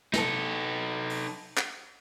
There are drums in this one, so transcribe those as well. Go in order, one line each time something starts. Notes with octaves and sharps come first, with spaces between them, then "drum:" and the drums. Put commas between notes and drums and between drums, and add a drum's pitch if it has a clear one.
D#4 A4, drum: snare
drum: open hi-hat
drum: clap